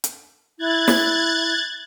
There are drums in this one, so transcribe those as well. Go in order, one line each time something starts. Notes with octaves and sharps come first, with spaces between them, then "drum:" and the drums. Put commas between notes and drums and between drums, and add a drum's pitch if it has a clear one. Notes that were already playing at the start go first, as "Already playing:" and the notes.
drum: hi-hat
E4 F#6 G#6 A6
drum: snare